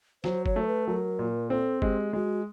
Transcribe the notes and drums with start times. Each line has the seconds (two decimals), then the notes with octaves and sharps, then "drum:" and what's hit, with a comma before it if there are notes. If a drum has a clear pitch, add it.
0.24 F#3 C5, drum: snare
0.46 C#5, drum: kick G1
0.56 A3
0.62 C5
0.67 B4
0.87 F#3 A#4
1.19 A#2
1.50 C4 A4
1.82 G#3 G4, drum: kick G1
2.13 G#3 F#4